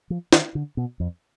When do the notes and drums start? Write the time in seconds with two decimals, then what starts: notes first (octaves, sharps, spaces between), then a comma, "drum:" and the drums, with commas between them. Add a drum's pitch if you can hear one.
0.10 F3
0.33 D#3, drum: snare
0.55 D3
0.77 B2
1.00 F2